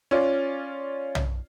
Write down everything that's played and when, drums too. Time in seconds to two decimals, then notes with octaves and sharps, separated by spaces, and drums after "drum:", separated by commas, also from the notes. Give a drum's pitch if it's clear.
0.11 C#4 F4 D5
1.15 drum: tom B1